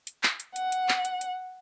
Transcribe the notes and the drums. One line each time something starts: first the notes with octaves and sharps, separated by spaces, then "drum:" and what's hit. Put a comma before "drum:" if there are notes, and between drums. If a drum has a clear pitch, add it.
drum: hi-hat
drum: clap
drum: hi-hat
F#5, drum: hi-hat
drum: hi-hat
drum: clap
drum: hi-hat
drum: hi-hat